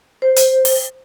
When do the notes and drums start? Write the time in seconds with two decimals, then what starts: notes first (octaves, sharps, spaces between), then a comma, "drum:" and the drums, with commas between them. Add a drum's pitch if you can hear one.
0.22 C5
0.36 drum: hi-hat
0.65 drum: open hi-hat